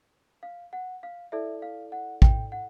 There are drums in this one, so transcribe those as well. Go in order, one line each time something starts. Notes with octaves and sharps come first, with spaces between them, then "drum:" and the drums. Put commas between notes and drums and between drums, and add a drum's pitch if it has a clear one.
F5
F#5
F5
E4 A4 D5 E5
F5
F#5
G5, drum: kick
F#5